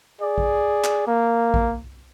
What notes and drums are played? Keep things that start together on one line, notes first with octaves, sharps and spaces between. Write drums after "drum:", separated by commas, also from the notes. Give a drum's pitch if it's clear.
G#4 D5
drum: kick A1
drum: clap
A#3
drum: kick A1